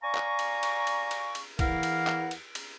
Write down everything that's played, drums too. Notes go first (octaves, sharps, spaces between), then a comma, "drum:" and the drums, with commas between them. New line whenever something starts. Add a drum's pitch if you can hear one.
D5 F5 G#5 A#5 C#6
drum: clap
drum: cymbal
drum: cymbal
drum: cymbal
drum: cymbal
drum: cymbal
E2 E3 E4 A#4 F5 F#5, drum: kick, cymbal
drum: cymbal
drum: clap
drum: cymbal
drum: cymbal